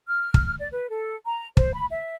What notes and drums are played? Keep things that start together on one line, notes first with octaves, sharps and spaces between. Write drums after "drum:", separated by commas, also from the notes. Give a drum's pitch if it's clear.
F6
drum: kick
D5
B4
A4
A#5
C5, drum: kick
B5
E5